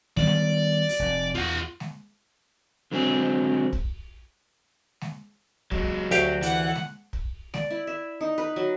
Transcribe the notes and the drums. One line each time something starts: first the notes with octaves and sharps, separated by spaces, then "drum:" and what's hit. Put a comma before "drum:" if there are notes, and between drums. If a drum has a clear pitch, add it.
D#3 G3 B3 D5
drum: snare G#3
drum: open hi-hat
F1
E2 F4 F#5
drum: snare G#3
D3 F#3 G#3 C4 F#4 G#4
drum: kick
drum: snare G#3
F#3 G#3, drum: kick
D2 F#3 G4 F5, drum: hi-hat
E3 F#5, drum: hi-hat
drum: snare G#3
drum: kick
D5, drum: snare G#3
E4
E5
D#4
B4
F#3